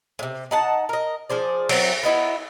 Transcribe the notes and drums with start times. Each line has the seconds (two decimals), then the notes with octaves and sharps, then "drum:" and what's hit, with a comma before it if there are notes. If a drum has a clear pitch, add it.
0.19 A2 C3
0.51 D#4 F#5 A5
0.89 A#4 D#5
1.30 F3 G#4 C5 D5
1.69 F#3 C4, drum: cymbal
2.03 B3 D#4 E4 F#4